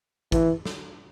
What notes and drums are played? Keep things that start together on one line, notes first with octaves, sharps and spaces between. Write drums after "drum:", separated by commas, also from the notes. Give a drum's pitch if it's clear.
E3, drum: kick, hi-hat
drum: snare